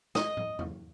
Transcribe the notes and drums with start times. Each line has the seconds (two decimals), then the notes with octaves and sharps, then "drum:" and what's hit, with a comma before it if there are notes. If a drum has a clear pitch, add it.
0.15 D#5, drum: snare
0.37 drum: tom
0.59 drum: tom